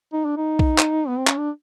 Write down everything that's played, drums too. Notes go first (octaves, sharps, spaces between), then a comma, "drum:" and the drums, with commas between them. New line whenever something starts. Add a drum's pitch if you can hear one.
D#4
D4
D#4
drum: kick B1
drum: clap
B3
C4
C#4, drum: clap
D4